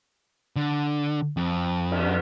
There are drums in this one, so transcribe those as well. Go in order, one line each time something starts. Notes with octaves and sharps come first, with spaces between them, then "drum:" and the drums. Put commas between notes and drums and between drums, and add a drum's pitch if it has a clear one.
D3
F2
drum: cymbal